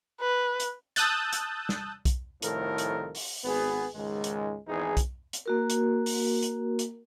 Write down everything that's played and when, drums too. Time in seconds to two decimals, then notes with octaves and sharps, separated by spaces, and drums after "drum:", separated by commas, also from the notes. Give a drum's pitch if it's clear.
0.21 B4
0.60 drum: hi-hat
0.96 A5 D#6 E6 F#6 G6 A6, drum: hi-hat
1.33 drum: hi-hat
1.69 drum: snare
2.05 drum: kick B1, hi-hat
2.42 C2 A2 D#3 F3 A4 A#4, drum: hi-hat
2.78 drum: hi-hat
3.15 drum: open hi-hat
3.45 G#1 B3 G#4
3.94 C#2 G#2 D#3 G#3
4.24 drum: hi-hat
4.68 G#1 E2 E3 D#4 G#4
4.97 drum: kick B1, hi-hat
5.33 drum: hi-hat
5.46 A#3 F#4 A#4
5.70 drum: hi-hat
6.06 drum: open hi-hat
6.43 drum: hi-hat
6.79 drum: hi-hat